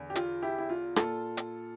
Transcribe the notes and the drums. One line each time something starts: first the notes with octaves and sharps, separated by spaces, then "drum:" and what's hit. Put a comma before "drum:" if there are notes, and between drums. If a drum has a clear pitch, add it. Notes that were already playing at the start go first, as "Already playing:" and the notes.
Already playing: E2 D3
G4
F4, drum: hi-hat
E4 G4
E4
F4
A#2 F4 A4, drum: rim click
drum: hi-hat